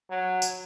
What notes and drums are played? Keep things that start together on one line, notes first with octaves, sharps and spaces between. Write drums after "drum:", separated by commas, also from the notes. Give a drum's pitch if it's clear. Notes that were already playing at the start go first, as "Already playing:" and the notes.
F#3
drum: tambourine